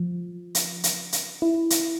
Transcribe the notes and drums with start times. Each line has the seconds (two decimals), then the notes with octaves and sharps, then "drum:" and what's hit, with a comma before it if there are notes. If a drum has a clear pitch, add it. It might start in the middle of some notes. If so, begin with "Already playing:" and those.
Already playing: F3
0.55 drum: hi-hat
0.84 drum: hi-hat
1.13 drum: hi-hat
1.42 E4
1.70 drum: hi-hat